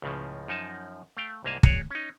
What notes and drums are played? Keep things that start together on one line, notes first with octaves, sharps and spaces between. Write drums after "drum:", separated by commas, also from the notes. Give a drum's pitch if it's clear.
C#2 A2 C#3 F3
F#2 F3 D#4 G#5 A5
A3 F5 G5
C2 G#2 A#3 F5 G#5 A5
F#4 G#4 C#5 D5, drum: kick
C#4 D#4